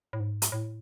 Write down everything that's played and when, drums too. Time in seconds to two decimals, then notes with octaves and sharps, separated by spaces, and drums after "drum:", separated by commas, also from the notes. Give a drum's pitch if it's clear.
0.13 A2
0.20 G#2
0.42 drum: hi-hat
0.52 A2